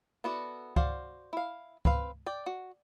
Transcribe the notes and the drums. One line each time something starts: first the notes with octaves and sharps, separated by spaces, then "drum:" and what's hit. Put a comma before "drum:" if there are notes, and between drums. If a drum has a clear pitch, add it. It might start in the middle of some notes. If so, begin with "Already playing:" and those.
B3 E4 F#4 A4 D5
F#4 C5 D5 F5, drum: kick C#2
E4 F5
C4 B4 F5, drum: kick C#2
D5 G5
F#4